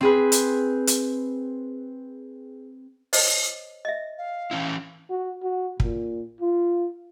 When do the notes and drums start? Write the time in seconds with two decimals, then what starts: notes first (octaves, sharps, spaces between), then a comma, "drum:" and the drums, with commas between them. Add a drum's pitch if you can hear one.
0.01 C4 G#4 B4
0.32 drum: hi-hat
0.87 drum: hi-hat
3.13 C5 C#5 D#5, drum: open hi-hat
3.85 D#5 E5
4.18 F5
4.51 E3 C#4 E4
5.10 F#4
5.43 F#4
5.80 A#2, drum: kick
6.41 F4